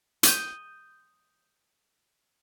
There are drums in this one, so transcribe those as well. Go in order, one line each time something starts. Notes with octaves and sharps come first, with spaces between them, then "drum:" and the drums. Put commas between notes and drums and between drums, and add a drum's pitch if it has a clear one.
D#6 G6, drum: hi-hat